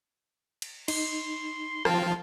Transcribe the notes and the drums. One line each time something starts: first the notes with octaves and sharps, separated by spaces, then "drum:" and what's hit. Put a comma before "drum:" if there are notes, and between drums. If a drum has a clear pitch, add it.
drum: cymbal
D#4 C6, drum: cymbal
F3 C4 F4 A5, drum: rim click